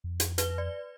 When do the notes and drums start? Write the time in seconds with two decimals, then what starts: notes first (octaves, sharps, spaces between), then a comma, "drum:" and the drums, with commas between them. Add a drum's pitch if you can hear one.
0.04 F2
0.20 drum: hi-hat
0.38 B4 G7, drum: hi-hat
0.58 D5